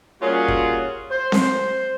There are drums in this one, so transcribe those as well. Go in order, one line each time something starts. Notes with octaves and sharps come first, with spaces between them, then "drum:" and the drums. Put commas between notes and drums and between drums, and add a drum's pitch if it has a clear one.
G3 A#3 C#4 F4 F#4 G#4
drum: kick
C5
drum: snare C4